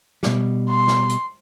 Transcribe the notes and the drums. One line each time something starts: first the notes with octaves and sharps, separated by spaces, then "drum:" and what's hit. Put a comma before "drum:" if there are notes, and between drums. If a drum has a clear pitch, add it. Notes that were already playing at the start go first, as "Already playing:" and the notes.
B2 G3, drum: snare
C6
drum: snare
drum: hi-hat